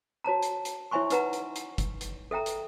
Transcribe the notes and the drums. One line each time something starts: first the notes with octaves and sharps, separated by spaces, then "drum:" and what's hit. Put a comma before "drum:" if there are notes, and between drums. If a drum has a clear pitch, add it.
F#4 C#5 A5 A#5
drum: hi-hat
drum: hi-hat
E4 C#5 E5 G#5 C6 C#6
D#4 E4 B4 F#5 A#5, drum: hi-hat
drum: hi-hat
drum: hi-hat
drum: kick F#1, hi-hat
drum: hi-hat
A4 E5 G5 A#5
drum: hi-hat